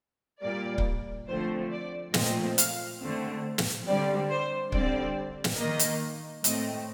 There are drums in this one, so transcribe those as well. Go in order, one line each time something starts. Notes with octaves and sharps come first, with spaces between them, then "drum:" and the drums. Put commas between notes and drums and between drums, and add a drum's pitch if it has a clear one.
A#2 G3 A#3 D5
drum: kick C#1
D3 F3 A3 C4 C5
D5
A#2 F3 A3 C4 D#5, drum: snare
F5, drum: hi-hat
D3 A3 C4
drum: snare
D3 G3 C4 D5
C5
D3 G3 C4 D5, drum: kick C#1
drum: snare
D#3 A#3 D#5
drum: hi-hat
A2 A3 C4 D#5, drum: hi-hat